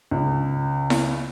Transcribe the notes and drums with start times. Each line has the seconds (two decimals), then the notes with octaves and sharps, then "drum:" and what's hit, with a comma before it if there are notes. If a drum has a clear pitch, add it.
0.11 C#2
0.90 drum: snare E4